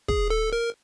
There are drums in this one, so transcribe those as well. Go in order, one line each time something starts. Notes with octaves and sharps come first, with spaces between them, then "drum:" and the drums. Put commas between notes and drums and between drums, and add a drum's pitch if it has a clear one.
G#4, drum: kick
A4
A#4